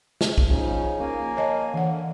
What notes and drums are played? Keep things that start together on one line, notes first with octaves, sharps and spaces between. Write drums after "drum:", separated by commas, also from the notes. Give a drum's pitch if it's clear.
drum: snare
drum: kick B1
C#3 F3 C#4 D#4
A#3 G#5
C#5 D#5 A5
D3 E3 F#5